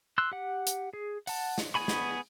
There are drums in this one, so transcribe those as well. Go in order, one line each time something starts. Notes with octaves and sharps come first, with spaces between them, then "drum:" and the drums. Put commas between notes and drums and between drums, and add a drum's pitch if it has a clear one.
C6 E6 F#6
G4 F#5
drum: hi-hat
G#4
F#5 A5, drum: open hi-hat
drum: snare
B3 G#4 G#5 B5 C#6
drum: snare